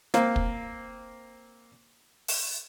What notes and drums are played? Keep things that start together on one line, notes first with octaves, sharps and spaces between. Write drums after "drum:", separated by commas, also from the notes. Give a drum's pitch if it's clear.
A#3 C4, drum: snare
drum: kick
drum: open hi-hat